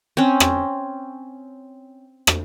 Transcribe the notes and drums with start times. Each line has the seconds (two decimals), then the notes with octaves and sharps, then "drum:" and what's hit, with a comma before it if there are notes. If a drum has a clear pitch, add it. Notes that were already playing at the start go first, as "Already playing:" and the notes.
0.17 C4 C#4
0.40 drum: rim click
2.27 drum: rim click